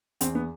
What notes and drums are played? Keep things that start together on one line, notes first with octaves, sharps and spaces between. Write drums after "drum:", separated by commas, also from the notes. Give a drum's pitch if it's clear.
E2 C4, drum: hi-hat
B3